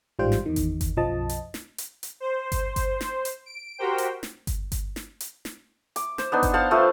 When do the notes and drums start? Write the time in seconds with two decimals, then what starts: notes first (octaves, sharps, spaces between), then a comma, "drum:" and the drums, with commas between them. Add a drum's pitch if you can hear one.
0.19 A1 G#2 G3 F4 C5 G5
0.32 drum: snare
0.46 E2 D#3
0.56 drum: kick G1, hi-hat
0.81 drum: kick G1, hi-hat
0.97 B1 F#2 F3 D#5 A5
1.29 drum: hi-hat
1.54 drum: snare
1.78 drum: hi-hat
2.03 drum: hi-hat
2.20 C5
2.52 drum: kick G1, hi-hat
2.76 drum: kick G1, hi-hat
3.01 drum: snare
3.25 drum: hi-hat
3.45 D7
3.78 F#4 G4 A#4 C5 G5
3.98 drum: hi-hat
4.23 drum: snare
4.47 drum: kick G1, hi-hat
4.72 drum: kick G1, hi-hat
4.96 drum: snare
5.20 drum: hi-hat
5.45 drum: snare
5.96 D6, drum: hi-hat
6.18 C5, drum: snare
6.32 B3 D4 D#4
6.43 drum: kick G1, hi-hat
6.53 C5 F5 F#5 A5
6.71 F3 A3 B4 E5